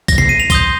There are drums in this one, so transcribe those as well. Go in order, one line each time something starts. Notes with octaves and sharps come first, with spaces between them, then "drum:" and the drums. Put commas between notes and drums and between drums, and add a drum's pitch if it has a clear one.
A#6, drum: kick B1, tambourine
C7, drum: tom
D#7
F7
C6 D#6 G6 G7, drum: kick B1, tambourine